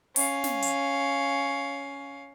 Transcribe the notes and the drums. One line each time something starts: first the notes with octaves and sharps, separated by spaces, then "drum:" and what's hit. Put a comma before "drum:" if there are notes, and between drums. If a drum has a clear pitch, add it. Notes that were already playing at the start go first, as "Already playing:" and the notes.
C#4 F5, drum: open hi-hat
drum: snare
drum: hi-hat